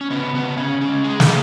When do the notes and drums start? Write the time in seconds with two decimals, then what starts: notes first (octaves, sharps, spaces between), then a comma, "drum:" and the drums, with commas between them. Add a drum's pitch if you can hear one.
0.01 C#4
0.10 C#3 B3
0.27 C#3
0.35 B3
0.43 C#3
0.57 C#3 C#4
0.74 C#3
0.81 C#4
0.89 G#3
1.04 G#3 G#4
1.20 C#3, drum: snare